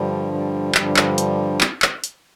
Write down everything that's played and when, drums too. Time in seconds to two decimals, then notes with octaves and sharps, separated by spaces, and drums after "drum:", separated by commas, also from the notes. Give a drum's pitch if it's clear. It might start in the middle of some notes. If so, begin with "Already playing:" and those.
Already playing: G2 D3 F3 G3
0.33 G3
0.75 G2 D3 F3, drum: clap
0.97 drum: clap
1.18 drum: hi-hat
1.61 drum: clap
1.82 drum: clap
2.04 drum: hi-hat